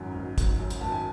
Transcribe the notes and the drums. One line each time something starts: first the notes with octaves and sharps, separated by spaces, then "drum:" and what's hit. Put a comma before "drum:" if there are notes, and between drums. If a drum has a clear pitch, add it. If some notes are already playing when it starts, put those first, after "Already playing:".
Already playing: G#1 F#2
G#1
G#1, drum: kick, hi-hat
F#2
drum: hi-hat
G#1 A5
G#5